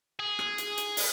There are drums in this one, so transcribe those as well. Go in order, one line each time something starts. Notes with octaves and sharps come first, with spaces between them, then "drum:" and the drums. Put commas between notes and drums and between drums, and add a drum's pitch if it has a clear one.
G#4
drum: rim click
drum: hi-hat
drum: hi-hat
drum: open hi-hat